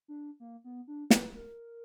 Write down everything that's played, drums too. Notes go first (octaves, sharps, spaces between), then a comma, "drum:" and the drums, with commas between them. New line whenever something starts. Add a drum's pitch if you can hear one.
D4
A#3
B3
D4
B4, drum: snare
A#4